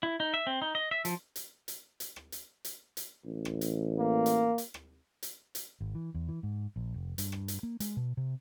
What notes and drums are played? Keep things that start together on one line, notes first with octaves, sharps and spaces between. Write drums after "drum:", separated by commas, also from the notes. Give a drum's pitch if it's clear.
E4
D#4
E5
C4
D#4
D#5
E5
F3, drum: hi-hat
drum: hi-hat
drum: hi-hat
drum: hi-hat
drum: rim click
drum: hi-hat
drum: hi-hat
drum: hi-hat
A1
drum: rim click
drum: hi-hat
A#3
drum: hi-hat
drum: hi-hat
drum: rim click
drum: hi-hat
drum: hi-hat
G#1
E3
E2
E3
G#2
A#1
F1
G2, drum: hi-hat
drum: rim click
drum: hi-hat
A#3
G#3, drum: hi-hat
B2
C3